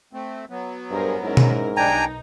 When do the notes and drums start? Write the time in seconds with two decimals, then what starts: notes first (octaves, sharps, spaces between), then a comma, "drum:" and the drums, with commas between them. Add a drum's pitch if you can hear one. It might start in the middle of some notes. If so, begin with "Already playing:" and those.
0.13 A3 C4
0.50 F#3 B3
0.91 G2 G#4 A#4 C5
1.23 G#2 C#4 E4 A#4
1.37 drum: tom B2
1.77 B1 G3 D4 D#4 G5 G#5 A#5